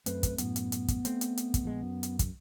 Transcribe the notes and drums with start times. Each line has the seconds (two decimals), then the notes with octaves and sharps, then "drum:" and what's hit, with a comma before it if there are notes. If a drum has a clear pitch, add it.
0.06 F#2 A3 C4 B4, drum: hi-hat
0.23 drum: kick, hi-hat
0.38 F#2 A2 B3, drum: hi-hat
0.56 drum: hi-hat
0.72 drum: hi-hat
0.88 drum: kick, hi-hat
1.05 A3 C4, drum: hi-hat
1.21 drum: hi-hat
1.37 drum: hi-hat
1.54 drum: kick, hi-hat
1.64 A#1 E3 G#3
1.83 F#2
2.03 drum: hi-hat
2.19 drum: kick, hi-hat